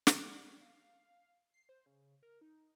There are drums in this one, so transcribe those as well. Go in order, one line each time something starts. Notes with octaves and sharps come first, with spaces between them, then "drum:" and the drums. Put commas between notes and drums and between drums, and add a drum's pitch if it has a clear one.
C#3, drum: snare
G3
F5
C7
C5
C#3
A#4
D#4